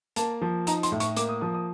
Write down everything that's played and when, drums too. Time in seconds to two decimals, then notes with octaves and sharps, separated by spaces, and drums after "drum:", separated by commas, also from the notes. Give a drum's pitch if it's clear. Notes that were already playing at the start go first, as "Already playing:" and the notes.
0.16 A#3 A5, drum: hi-hat
0.42 F3
0.67 D#4 A#5, drum: hi-hat
0.83 C6, drum: hi-hat
0.92 A2
1.00 C#6, drum: hi-hat
1.17 A#3 D6, drum: hi-hat
1.29 D#6
1.41 F3 D#6
1.54 D#6